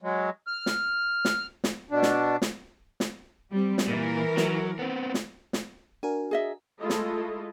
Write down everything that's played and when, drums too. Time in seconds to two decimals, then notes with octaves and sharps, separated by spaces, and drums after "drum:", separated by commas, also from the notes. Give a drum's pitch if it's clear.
0.02 F#3 G#3
0.47 F6
0.66 drum: snare
1.25 drum: snare
1.64 drum: snare
1.91 B2 D4
2.03 drum: snare
2.42 drum: snare
3.00 drum: snare
3.51 G3 C4
3.78 drum: snare
3.88 A#2 E3 A#4
4.37 F#3, drum: snare
4.79 B3 C4
5.14 drum: snare
5.53 drum: snare
6.03 D4 F#4 A#4 G#5
6.31 G#4 D#5 E5
6.79 G#3 A3 E4 F4 A4 D#5
6.90 drum: snare